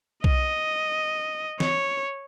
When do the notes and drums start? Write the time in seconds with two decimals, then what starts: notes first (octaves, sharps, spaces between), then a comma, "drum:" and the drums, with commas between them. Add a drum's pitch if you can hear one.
0.24 D#5, drum: kick B1
1.60 C#5, drum: snare